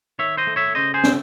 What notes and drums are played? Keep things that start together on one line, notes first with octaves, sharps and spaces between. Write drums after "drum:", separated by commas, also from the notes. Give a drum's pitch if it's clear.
D#3 C#5 E5
C5 D#5
A3
C#5 E5
C#3 C5 D#5
G#4 C5
A3, drum: snare